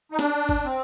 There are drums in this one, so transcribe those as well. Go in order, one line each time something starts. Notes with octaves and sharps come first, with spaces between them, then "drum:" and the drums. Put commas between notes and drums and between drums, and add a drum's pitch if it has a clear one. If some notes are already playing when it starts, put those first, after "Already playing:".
D#4
D4, drum: snare
drum: kick G1
C4